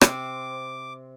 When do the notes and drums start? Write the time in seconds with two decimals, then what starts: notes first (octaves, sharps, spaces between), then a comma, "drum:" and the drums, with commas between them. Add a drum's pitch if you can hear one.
0.01 C3 C4 D6, drum: rim click